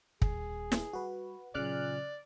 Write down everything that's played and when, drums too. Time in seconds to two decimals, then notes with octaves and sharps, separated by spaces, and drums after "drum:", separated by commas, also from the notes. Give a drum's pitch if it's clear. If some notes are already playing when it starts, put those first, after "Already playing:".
0.22 D#1 G#4, drum: kick
0.72 drum: snare
0.93 G3 F#4 B4
1.55 A#2 C#3 F#3 D#4 D5 F6 F#6